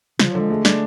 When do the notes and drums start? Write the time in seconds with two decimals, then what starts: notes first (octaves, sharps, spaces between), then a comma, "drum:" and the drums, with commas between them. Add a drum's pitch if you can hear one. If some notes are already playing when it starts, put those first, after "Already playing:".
0.19 C#3 F3, drum: snare
0.30 F#3
0.35 D3 G#3
0.50 G#3 A3
0.65 D4, drum: snare